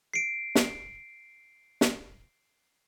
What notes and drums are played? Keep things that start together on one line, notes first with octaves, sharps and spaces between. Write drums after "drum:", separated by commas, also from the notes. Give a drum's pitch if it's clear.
C7 D7
drum: snare
drum: snare